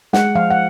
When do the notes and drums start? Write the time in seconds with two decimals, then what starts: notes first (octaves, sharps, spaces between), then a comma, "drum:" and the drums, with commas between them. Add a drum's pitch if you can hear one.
0.13 G#3 F#5, drum: snare
0.35 F3 F5
0.50 F#5